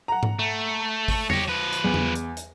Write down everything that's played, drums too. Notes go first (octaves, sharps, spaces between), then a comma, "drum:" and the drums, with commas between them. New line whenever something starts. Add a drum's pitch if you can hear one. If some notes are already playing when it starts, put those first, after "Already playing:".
F#5 A#5
drum: tom G#2
A3
drum: kick G#1, open hi-hat
G4 C#5 A#6, drum: tom
F3 B4
drum: hi-hat
E2
drum: tom
drum: hi-hat
drum: hi-hat